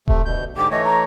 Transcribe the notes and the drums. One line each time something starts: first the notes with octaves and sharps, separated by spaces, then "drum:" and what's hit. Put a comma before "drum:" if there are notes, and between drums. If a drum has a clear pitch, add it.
C3 A3, drum: kick D#1
D2 B2 G6
G#2 D3 G4 D6
E3 A3 C#5 D#5
A#5